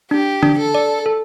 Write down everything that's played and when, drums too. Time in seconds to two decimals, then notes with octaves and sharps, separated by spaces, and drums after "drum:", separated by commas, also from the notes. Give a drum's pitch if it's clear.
0.11 D4 G4
0.43 D4, drum: tom D3
0.58 A4
0.75 D5
1.06 A4